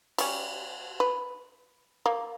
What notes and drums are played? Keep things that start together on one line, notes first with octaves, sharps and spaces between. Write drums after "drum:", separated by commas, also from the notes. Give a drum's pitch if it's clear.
G3 C#4, drum: cymbal
B4
A#3